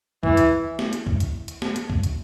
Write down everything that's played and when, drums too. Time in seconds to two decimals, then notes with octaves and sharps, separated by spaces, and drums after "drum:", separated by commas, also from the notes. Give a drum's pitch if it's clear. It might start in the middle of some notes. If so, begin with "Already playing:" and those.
0.23 E3, drum: kick C2
0.37 drum: hi-hat
0.79 drum: snare
0.93 drum: hi-hat
1.07 drum: kick C2
1.20 drum: hi-hat
1.48 drum: hi-hat
1.62 drum: snare
1.76 drum: hi-hat
1.90 drum: kick C2
2.03 drum: hi-hat